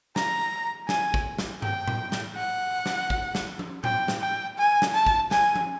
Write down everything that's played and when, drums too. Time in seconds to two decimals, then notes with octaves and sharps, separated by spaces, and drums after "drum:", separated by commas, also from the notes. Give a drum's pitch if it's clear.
0.16 A#5, drum: snare
0.89 G#5, drum: snare
1.14 drum: kick
1.38 drum: snare
1.62 G5, drum: tom G2
1.88 drum: tom A2
2.12 drum: snare
2.36 F#5
2.86 drum: snare
3.10 drum: kick
3.35 drum: snare
3.59 drum: tom F3
3.84 G5, drum: tom A2
4.08 drum: snare
4.21 G5
4.58 G#5
4.82 drum: snare
4.94 A5
5.06 drum: kick
5.31 G#5, drum: snare
5.56 drum: tom F3